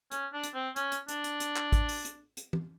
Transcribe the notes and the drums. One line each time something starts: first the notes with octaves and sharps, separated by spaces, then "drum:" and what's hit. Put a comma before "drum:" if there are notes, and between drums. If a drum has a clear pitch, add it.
C#4, drum: hi-hat
D4
drum: hi-hat
C4
C#4, drum: hi-hat
drum: hi-hat
D4, drum: hi-hat
drum: hi-hat
drum: hi-hat
drum: clap
drum: kick G#1, hi-hat
drum: open hi-hat
drum: hi-hat
drum: hi-hat
drum: tom E3